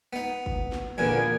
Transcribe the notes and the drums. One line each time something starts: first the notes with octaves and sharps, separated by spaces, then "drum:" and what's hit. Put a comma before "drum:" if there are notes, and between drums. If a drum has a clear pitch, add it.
B3 D#4
drum: kick
drum: snare
E2 A#2 D3 A#3 B3 G#5